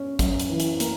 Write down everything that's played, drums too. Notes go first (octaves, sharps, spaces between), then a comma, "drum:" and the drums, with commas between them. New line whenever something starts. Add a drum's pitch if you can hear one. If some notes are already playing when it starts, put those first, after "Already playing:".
Already playing: C#4
F#2, drum: kick, hi-hat
drum: hi-hat
E3
drum: hi-hat
A#3, drum: hi-hat